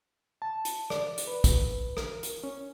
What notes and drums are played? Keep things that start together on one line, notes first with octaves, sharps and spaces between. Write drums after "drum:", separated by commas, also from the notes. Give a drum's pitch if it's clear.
A5
drum: hi-hat
D5, drum: rim click
drum: hi-hat
B4
drum: kick, hi-hat
A#4, drum: rim click
drum: hi-hat
C#4